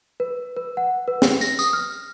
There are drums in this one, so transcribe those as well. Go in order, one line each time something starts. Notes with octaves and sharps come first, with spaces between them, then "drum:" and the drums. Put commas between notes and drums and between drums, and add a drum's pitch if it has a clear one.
B4
B4
F#5
B4
drum: snare
A#6, drum: tambourine
D#6, drum: tambourine
F6